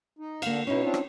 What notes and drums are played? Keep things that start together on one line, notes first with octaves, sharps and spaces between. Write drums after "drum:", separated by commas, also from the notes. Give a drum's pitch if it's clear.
D#4
D3 A#3 F5, drum: cymbal
B2 C#4 D#4 E4
C4 D4 F4
drum: rim click